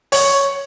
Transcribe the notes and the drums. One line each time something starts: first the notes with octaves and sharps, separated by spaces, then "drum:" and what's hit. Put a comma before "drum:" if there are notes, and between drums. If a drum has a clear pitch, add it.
C#5, drum: open hi-hat